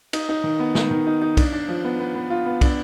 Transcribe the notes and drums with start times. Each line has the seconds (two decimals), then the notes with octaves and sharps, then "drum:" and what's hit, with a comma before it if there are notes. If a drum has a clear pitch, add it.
0.13 D#4, drum: cymbal
0.29 D#4
0.44 D#3
0.59 B3
0.75 D#3, drum: snare
0.91 D#3
1.06 D#4
1.22 D#4
1.37 D4, drum: kick, cymbal
1.53 D4
1.68 F3
1.84 B3
2.00 B3
2.15 B3
2.30 F4
2.46 B3
2.61 D4, drum: kick, cymbal